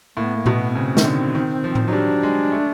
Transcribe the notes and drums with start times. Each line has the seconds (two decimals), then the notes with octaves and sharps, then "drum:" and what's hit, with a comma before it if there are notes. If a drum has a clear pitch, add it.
0.17 A2 A#3
0.26 B3
0.35 A#3
0.46 B2 B3, drum: tom A2
0.70 B3
0.75 C#3 C4
0.97 D#3, drum: snare
1.05 D3
1.35 D#3
1.64 F3
1.75 drum: tom A2
1.88 F#3 D#4
1.93 G3 D4
2.23 G#3
2.52 A3